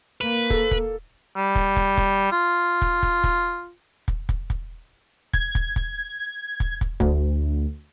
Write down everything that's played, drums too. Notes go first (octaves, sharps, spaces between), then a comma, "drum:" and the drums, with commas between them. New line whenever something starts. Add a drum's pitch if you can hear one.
A#3 B4
A4, drum: kick
drum: kick
G3
drum: kick
drum: kick
drum: kick
F4
drum: kick
drum: kick
drum: kick
drum: kick
drum: kick
drum: kick
G#6, drum: kick
drum: kick
drum: kick
drum: kick
drum: kick
D2, drum: kick